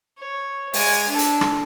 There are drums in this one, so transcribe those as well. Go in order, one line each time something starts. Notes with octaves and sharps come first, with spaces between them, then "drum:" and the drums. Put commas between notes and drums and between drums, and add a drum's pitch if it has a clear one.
C#5
G#3 G#5, drum: open hi-hat
D4 A4
drum: hi-hat
drum: rim click